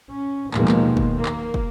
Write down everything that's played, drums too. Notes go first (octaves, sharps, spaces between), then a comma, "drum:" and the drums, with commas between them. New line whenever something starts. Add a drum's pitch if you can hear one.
C#4
D#2 B2 D#3 F3 G#3 A#3, drum: clap
drum: clap
drum: kick
A#3
drum: clap
drum: kick